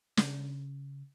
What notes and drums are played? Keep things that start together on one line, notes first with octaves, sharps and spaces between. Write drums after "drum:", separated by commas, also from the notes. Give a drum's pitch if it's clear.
C#3, drum: snare